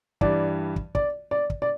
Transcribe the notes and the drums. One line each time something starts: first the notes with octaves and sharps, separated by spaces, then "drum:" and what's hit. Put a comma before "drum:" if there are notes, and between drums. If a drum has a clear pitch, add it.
G2 E3 G3 D5, drum: kick
drum: kick
D5, drum: kick
D5
drum: kick
D5